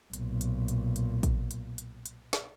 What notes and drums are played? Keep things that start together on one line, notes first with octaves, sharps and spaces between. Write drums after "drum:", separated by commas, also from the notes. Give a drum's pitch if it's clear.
B1 A#2, drum: hi-hat
drum: hi-hat
drum: hi-hat
drum: hi-hat
drum: kick, hi-hat
drum: hi-hat
drum: hi-hat
drum: hi-hat
drum: snare